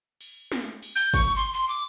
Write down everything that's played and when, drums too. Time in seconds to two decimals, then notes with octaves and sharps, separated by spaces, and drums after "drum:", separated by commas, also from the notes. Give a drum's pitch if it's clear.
0.21 drum: cymbal
0.52 drum: snare
0.83 drum: cymbal
0.95 G6
1.14 C#6, drum: kick, cymbal
1.36 C6
1.53 C6
1.69 D6